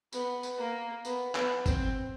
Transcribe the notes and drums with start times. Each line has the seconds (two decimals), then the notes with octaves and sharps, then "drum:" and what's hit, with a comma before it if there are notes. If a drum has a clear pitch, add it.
0.13 B3, drum: tambourine
0.43 drum: tambourine
0.58 A#3
1.05 B3, drum: tambourine
1.35 B3, drum: clap
1.66 C4, drum: kick G1, tambourine